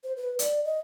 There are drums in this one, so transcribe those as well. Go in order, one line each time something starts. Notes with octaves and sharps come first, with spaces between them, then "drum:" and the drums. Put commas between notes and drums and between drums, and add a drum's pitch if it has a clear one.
C5
B4
D5, drum: hi-hat
D#5